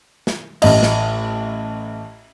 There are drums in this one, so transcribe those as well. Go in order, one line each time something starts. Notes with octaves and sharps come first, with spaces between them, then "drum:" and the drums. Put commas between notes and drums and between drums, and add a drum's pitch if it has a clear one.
drum: snare
A1 D#5, drum: cymbal
drum: snare